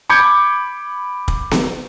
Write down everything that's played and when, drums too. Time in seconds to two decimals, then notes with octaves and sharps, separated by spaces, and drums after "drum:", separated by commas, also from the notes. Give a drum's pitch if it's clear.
0.10 B5 D6 G6 G#6 C#7
1.28 drum: kick
1.51 drum: snare B3